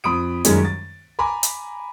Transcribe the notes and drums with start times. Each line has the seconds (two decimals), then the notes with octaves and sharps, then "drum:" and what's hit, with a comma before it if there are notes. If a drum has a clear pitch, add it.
0.04 F2 B5 D#6 D7
0.45 F#2 D#3 G3 G#3 C#4 C#5, drum: hi-hat
0.65 A6
1.19 G#5 A#5 B5 D6
1.43 drum: hi-hat